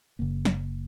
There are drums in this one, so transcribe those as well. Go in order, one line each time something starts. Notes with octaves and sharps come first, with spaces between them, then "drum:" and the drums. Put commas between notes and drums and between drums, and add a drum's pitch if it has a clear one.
F#1 F#2 C#3 A#3
drum: snare